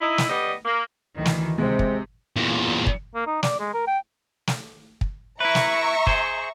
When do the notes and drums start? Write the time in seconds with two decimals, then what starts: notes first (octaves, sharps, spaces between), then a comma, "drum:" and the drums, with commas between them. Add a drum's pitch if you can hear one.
0.01 D#4 E4
0.18 drum: snare
0.28 G3 B3 D5 D#5
0.65 A#3
1.15 D2 D#3 E3
1.25 drum: snare
1.58 C3 G#3 C4
1.79 drum: kick
2.37 E2 A#2
2.86 drum: kick
3.15 A#3
3.27 D#4
3.43 D5, drum: snare
3.59 G#3
3.74 A#4
3.87 G5
4.47 drum: snare
5.01 drum: kick
5.40 E4 B4 E5 A#5 C#6
5.55 drum: snare
6.07 G#4 C5, drum: kick